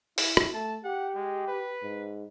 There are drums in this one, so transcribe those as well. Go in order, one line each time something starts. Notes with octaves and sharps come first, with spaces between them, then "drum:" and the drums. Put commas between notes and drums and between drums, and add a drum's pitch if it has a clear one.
E4, drum: open hi-hat
drum: rim click
A3 A5
G4 F#5
G#3
B4
G#2